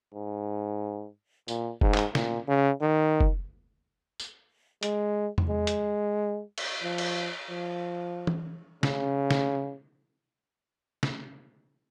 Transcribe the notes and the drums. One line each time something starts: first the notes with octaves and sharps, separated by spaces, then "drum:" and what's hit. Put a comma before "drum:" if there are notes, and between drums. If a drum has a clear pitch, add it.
G#2
A#2, drum: tambourine
G#2, drum: kick F1
drum: clap
A#2, drum: snare
C#3
D#3
drum: kick F1
drum: tambourine
G#3, drum: hi-hat
drum: tom E2
G#3
drum: hi-hat
drum: cymbal
F3
drum: cymbal
F3
drum: tom E3
C#3, drum: snare
drum: snare
drum: snare